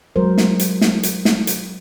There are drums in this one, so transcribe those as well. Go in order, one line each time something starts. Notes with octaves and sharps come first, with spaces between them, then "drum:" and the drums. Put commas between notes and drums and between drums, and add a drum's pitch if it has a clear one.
F#3 G#3 A#4 C5
drum: snare
drum: hi-hat
drum: snare
drum: hi-hat
drum: snare
drum: hi-hat